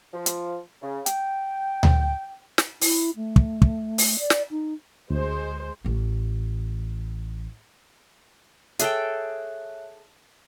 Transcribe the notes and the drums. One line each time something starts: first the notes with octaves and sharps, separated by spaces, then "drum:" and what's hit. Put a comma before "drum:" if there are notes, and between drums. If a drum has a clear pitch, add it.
F3
drum: hi-hat
C#3
G5, drum: hi-hat
drum: tom D2
drum: snare
E4, drum: open hi-hat
A3
drum: kick
drum: kick
drum: open hi-hat
D5
drum: snare
D#4
D2 G#3 C5
A1 A3
G#4 A4 C#5 E5 G5 F#6, drum: hi-hat